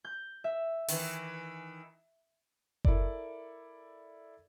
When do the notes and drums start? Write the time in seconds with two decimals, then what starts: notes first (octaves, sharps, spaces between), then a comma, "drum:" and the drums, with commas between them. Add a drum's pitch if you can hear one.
0.05 G6
0.44 E5
0.88 D#3 E3, drum: open hi-hat
2.85 E4 A4 A#4 D5, drum: kick F#1